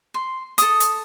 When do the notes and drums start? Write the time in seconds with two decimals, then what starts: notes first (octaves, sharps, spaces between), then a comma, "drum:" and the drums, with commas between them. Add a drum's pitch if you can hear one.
0.14 C6
0.58 A4 D#6, drum: hi-hat
0.80 drum: hi-hat